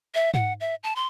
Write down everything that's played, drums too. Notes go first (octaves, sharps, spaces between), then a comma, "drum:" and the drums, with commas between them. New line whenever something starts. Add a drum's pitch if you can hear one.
E5
F#5, drum: tom G#2
E5
A5
C6